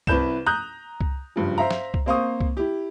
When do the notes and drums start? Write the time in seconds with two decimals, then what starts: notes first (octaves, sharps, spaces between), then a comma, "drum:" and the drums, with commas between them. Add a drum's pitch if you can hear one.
0.07 C2 E4 B4 G6 E7, drum: kick C2
0.46 A#5 D#6 F#6 G6
1.01 drum: kick C2
1.36 F#1 G2 F3
1.58 C5 E5 F5 A#5
1.71 drum: snare
1.94 drum: kick C2
2.06 A#3 C4 C5 F5 C#6 D#6
2.41 drum: kick C2
2.57 E4 G4